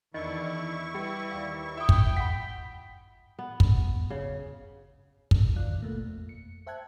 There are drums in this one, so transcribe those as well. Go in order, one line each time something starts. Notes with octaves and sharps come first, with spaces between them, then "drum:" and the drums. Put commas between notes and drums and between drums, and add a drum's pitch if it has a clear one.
E2 D#3 D4 E4 D#5 C#6
G3 G4 B4 G5
D#2 D5 F5
F4 E5 G5 D#6
drum: kick
F#5 B5 B6
B3
drum: kick
C#3
drum: kick
A1 D#2 D#3 F4 D5 F#6
B2 A3 A#3
F2
C#7
C5 E5 G5 A5 F#6 G#6